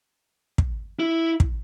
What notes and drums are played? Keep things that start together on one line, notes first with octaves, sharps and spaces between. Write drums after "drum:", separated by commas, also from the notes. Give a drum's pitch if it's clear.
drum: kick
E4
drum: kick